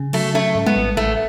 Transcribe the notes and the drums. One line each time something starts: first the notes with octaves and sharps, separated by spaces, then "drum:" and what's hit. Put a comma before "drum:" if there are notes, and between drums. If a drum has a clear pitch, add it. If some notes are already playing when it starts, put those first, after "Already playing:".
Already playing: C#3
F#3 A3, drum: cymbal
A3 C#4
G#2
B3, drum: tom G3
A1
A1 A3